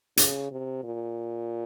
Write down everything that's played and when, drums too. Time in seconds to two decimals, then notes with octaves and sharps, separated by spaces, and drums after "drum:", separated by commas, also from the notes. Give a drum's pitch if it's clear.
0.17 C#3, drum: hi-hat
0.51 C3
0.83 A#2